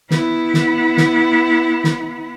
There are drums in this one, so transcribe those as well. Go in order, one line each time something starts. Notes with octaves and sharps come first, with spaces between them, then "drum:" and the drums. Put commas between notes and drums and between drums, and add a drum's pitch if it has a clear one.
B3 E4, drum: snare
drum: snare
drum: snare
drum: snare